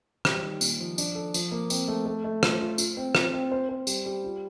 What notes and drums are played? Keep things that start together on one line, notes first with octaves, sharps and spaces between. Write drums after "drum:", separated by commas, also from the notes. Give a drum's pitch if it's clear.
G3, drum: rim click
D#3
A#2, drum: tambourine
F3
D4, drum: tambourine
A4
F3, drum: tambourine
A#3
C4, drum: tambourine
A3
A3
A3
F4, drum: rim click
F4
F4, drum: tambourine
C4
F4, drum: rim click
C4
C5
C5
G3, drum: tambourine
G3
F4